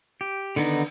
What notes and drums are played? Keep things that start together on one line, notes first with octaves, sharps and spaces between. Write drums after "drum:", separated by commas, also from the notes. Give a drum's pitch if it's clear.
G4
D3 D#3 B3 D#4, drum: cymbal